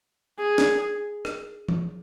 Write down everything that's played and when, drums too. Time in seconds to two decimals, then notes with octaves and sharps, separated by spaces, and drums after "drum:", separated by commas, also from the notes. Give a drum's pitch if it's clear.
0.39 G#4
0.58 drum: snare
1.25 drum: rim click
1.69 drum: tom E3